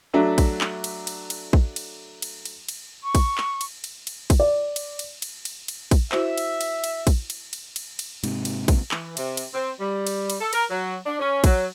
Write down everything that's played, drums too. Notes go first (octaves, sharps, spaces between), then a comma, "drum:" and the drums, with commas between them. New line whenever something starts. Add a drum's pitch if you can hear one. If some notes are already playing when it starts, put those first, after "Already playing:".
F#3 A3 D4 F#4 E5
drum: kick, cymbal
drum: clap
drum: cymbal
drum: cymbal
drum: cymbal
drum: kick
drum: cymbal
drum: cymbal
drum: cymbal
drum: cymbal
C#6
drum: kick, cymbal
drum: clap
drum: cymbal
drum: cymbal
drum: cymbal
drum: kick, cymbal
D5
drum: cymbal
drum: cymbal
drum: cymbal
drum: cymbal
drum: cymbal
drum: kick, cymbal
E4 F#4 C5 E5, drum: clap
drum: cymbal
drum: cymbal
drum: cymbal
drum: kick, cymbal
drum: cymbal
drum: cymbal
drum: cymbal
drum: cymbal
G#2 C3, drum: cymbal
drum: cymbal
drum: kick, cymbal
E3, drum: clap
C3, drum: cymbal
drum: cymbal
C4
G3
drum: cymbal
drum: cymbal
A4
A#4, drum: cymbal
F#3
D4
C#4
F#3, drum: kick, cymbal